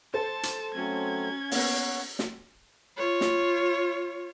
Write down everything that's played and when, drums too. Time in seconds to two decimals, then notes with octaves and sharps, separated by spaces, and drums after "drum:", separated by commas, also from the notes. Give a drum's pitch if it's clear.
0.14 A4 C5 A5
0.43 drum: hi-hat
0.74 F#3 A3 C4 C#4 G#6
1.51 A#3 B3 C#5 F#5, drum: open hi-hat
2.19 drum: snare
2.98 F4 C#5
3.21 drum: snare